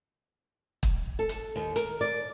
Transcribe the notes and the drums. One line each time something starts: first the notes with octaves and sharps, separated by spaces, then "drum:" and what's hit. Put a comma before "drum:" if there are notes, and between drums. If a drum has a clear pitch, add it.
drum: kick, hi-hat
A4
drum: hi-hat
D#2
A#4, drum: hi-hat
D5